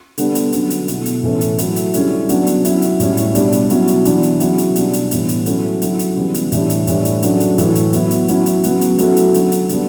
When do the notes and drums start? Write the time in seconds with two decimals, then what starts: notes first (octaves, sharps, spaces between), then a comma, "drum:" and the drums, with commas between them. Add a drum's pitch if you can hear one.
0.18 D3 G3 B3 D4, drum: hi-hat
0.35 drum: hi-hat
0.52 D3 F#3 C#4, drum: hi-hat
0.70 drum: hi-hat
0.88 B2 A3 E4, drum: hi-hat
1.06 drum: hi-hat
1.23 A2 E3 A3 C#4 E4
1.41 drum: hi-hat
1.58 F#3 A3 E4, drum: hi-hat
1.76 drum: hi-hat
1.94 D3 G3 C#4 E4, drum: hi-hat
2.29 C#3 F#3 B3 D4, drum: hi-hat
2.47 drum: hi-hat
2.65 F#3 C#4 E4, drum: hi-hat
2.82 drum: hi-hat
3.00 A2 G3 C#4 E4, drum: hi-hat
3.17 drum: hi-hat
3.35 B2 G3 D4, drum: hi-hat
3.52 drum: hi-hat
3.70 B2 F#3 C#4 E4, drum: hi-hat
3.88 drum: hi-hat
4.05 E3 B3 D4, drum: hi-hat
4.23 drum: hi-hat
4.40 C#3 F#3 C#4 E4, drum: hi-hat
4.58 drum: hi-hat
4.76 B2 G3 B3 D4, drum: hi-hat
4.93 drum: hi-hat
5.11 A2 E3 G3 B3, drum: hi-hat
5.29 drum: hi-hat
5.46 F#3 A3 C#4 E4, drum: hi-hat
5.82 D3 F#3 C#4 E4, drum: hi-hat
5.99 drum: hi-hat
6.17 C#3 E3 G3 B3
6.34 drum: hi-hat
6.52 A2 E3 G3 D4, drum: hi-hat
6.70 drum: hi-hat
6.87 A2 E3 G3 D4, drum: hi-hat
7.05 drum: hi-hat
7.22 C#3 F#3 A3 D4, drum: hi-hat
7.40 drum: hi-hat
7.58 A2 E3 A3 E4, drum: hi-hat
7.75 drum: hi-hat
7.93 F#3 B3 E4, drum: hi-hat
8.11 drum: hi-hat
8.28 F#3 C#4 E4, drum: hi-hat
8.46 drum: hi-hat
8.64 C#3 F#3 B3, drum: hi-hat
8.81 drum: hi-hat
8.98 F#3 A3 C#4 E4, drum: hi-hat
9.16 drum: hi-hat
9.34 D3 F#3 C#4, drum: hi-hat
9.52 drum: hi-hat
9.69 D3 G3 B3 D4, drum: hi-hat